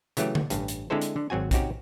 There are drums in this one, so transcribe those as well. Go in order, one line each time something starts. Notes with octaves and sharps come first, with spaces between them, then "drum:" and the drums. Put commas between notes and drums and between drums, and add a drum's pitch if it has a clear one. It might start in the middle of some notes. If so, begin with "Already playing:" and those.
C#3 E3 F#3 A3 G4, drum: hi-hat
drum: tom D3
A1 G2, drum: hi-hat
drum: hi-hat
D3 G#3 C4 E4 A4 C5
drum: hi-hat
D3
G#1 F#3 C4 F#4 G#5
C4 C#4 D#4 F#4 G4, drum: kick A#1, hi-hat